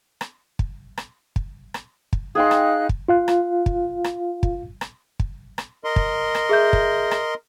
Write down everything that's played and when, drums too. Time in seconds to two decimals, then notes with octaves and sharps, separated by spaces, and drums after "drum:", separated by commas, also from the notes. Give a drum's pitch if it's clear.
0.21 drum: rim click
0.59 drum: kick
0.97 drum: rim click
1.36 drum: kick
1.74 drum: rim click
2.13 drum: kick
2.35 D#4 G#4 F5 G5 C6 F#6
2.51 drum: rim click
2.89 drum: kick
3.08 F4 F5 F#6
3.28 drum: rim click
3.66 drum: kick
4.04 drum: rim click
4.43 drum: kick
4.81 drum: rim click
5.19 drum: kick
5.58 drum: rim click
5.84 A#4 D#5 C6
5.96 drum: kick
6.35 drum: rim click
6.49 G#4 E5 G6
6.73 drum: kick
7.11 drum: rim click